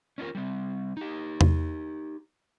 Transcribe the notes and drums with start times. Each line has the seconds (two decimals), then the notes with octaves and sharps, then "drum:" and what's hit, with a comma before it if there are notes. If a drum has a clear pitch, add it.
0.18 C#4 D4 F4 A#4
0.35 G3 C4
0.97 D#4 G4
1.41 drum: tom E2